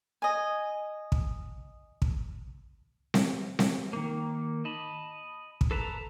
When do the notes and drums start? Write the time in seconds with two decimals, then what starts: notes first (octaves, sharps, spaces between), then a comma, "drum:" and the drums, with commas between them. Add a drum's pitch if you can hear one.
0.22 D#5 G#5
1.12 drum: kick
2.02 drum: kick
3.14 drum: snare C4
3.59 drum: snare C4
3.93 D#3 A#3
4.65 D#5 A5 B5
5.61 drum: kick
5.71 A4 B4 A5 A#5